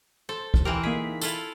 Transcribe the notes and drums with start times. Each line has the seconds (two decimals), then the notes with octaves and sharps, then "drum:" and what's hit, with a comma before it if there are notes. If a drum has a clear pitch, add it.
0.29 A4 C5
0.54 drum: kick
0.65 E3 C4 G4 A#4
0.83 A#3 D#4 G#4 B6
1.21 E4 F4 A4, drum: tambourine